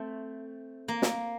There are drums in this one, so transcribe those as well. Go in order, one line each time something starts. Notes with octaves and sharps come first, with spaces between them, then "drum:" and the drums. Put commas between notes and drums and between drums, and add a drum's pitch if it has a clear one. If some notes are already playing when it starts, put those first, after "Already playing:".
Already playing: A3 C4
A#3
drum: snare